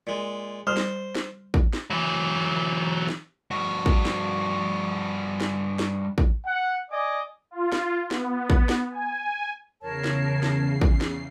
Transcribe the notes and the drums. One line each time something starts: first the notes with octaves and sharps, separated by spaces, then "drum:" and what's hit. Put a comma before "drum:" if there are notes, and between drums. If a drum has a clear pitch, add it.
A#2 G#3
G3 C5 F6
drum: snare
drum: snare
drum: kick
drum: snare
E3 F#3
drum: snare
G2 F#4
drum: kick
drum: snare
drum: snare
drum: snare
drum: kick
F#5
D5 D#5 G#5 D6
F4
drum: snare
B3, drum: snare
drum: kick
drum: snare
G#5
E2 C#3 A#4 C#5 A5 C7
drum: snare
drum: snare
drum: kick
drum: snare